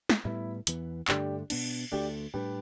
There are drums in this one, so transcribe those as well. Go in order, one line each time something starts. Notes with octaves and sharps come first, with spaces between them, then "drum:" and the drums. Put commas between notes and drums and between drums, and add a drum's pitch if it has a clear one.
drum: snare
A2 G3 B3 E4
E2 E3 B3, drum: hi-hat
G2 D3 A3 D4 G4, drum: clap
B2 B3 D4, drum: cymbal
D2 D3 A3 D4 G4
A2 G3 D4 G4 B4